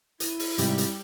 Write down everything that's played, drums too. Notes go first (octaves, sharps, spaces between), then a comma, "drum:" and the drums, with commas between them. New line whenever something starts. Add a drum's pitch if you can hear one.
E4 D#7, drum: hi-hat
drum: open hi-hat
G#2 C3 G3 G4, drum: hi-hat
drum: hi-hat